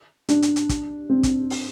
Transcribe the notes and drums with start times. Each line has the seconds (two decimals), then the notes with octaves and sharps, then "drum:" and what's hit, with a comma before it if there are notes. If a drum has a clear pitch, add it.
0.29 D4, drum: hi-hat
0.42 drum: hi-hat
0.56 drum: hi-hat
0.69 drum: kick, hi-hat
1.10 C4
1.23 drum: kick, hi-hat
1.50 drum: open hi-hat